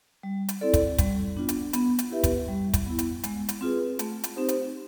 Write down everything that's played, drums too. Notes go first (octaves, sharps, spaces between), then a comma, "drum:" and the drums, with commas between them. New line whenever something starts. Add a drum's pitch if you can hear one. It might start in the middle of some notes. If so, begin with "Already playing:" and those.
G3
drum: hi-hat
C4 E4 A4 D5
drum: kick, hi-hat
G3, drum: kick, hi-hat
B3 D4 F4
drum: hi-hat
B3, drum: hi-hat
drum: hi-hat
E4 G4 B4 E5
drum: kick, hi-hat
G3
drum: kick, hi-hat
B3 E4
drum: hi-hat
G#3, drum: hi-hat
drum: hi-hat
C4 F4 G#4 B4
A3, drum: hi-hat
drum: hi-hat
C4 D#4 G4 C5
drum: hi-hat